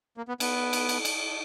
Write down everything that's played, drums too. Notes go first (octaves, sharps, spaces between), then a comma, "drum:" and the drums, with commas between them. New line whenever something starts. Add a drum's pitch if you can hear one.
A#3
B3
B3, drum: cymbal
drum: cymbal
drum: cymbal
drum: cymbal